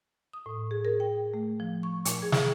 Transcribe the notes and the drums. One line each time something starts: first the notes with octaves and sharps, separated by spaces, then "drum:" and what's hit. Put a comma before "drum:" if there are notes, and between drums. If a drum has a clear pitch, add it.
D#6
A2
G#4
A#4
G5
A3
F3
C#6
A#2, drum: hi-hat
G#4
drum: snare